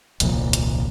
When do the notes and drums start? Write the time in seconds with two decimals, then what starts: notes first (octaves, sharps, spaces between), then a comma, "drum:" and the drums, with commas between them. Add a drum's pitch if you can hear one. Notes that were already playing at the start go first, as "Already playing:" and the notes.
0.20 D#1 C2 A#2 F3, drum: hi-hat
0.53 drum: hi-hat